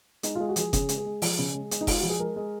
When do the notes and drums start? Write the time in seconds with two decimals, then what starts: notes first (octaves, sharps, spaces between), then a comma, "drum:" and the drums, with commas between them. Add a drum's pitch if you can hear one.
0.23 G#3 D#4, drum: hi-hat
0.35 F4
0.40 G#3
0.49 F#4
0.56 F3 G#4, drum: hi-hat
0.73 C#3 G#4, drum: kick F1, hi-hat
0.89 G#3, drum: hi-hat
0.97 G#4
1.06 G#3
1.22 F3, drum: open hi-hat
1.39 C#3
1.55 G#3
1.71 G#3, drum: hi-hat
1.81 D#4
1.87 G#3 F4, drum: kick F1, open hi-hat
2.00 F3 F#4
2.10 G#4
2.19 G#3 A#4
2.36 G#3